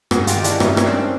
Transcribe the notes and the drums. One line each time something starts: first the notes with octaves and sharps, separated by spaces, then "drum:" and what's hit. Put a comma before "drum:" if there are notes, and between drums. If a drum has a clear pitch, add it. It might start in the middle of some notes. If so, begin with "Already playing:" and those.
G2 F#4 G#4, drum: rim click
F4 G4, drum: hi-hat
D#3
D4 E4, drum: hi-hat
G2 C#4 D#4, drum: rim click
C#4, drum: rim click
D#3 C4 D4